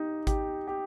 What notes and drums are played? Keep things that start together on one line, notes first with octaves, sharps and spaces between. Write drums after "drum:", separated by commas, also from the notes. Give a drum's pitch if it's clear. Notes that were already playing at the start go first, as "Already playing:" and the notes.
Already playing: D#4 G4
G4, drum: kick G#1, hi-hat
G4